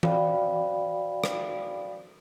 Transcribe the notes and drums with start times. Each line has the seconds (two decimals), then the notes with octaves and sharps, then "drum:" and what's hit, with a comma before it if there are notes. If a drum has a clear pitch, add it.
0.03 F#4 C5 D5 F5 G5 B5, drum: tom E3
1.24 drum: rim click